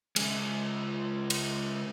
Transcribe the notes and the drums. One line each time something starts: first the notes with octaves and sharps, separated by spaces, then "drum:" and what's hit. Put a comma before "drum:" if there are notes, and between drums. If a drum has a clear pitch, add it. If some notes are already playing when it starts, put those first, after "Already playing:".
C#3 G#3, drum: cymbal
drum: cymbal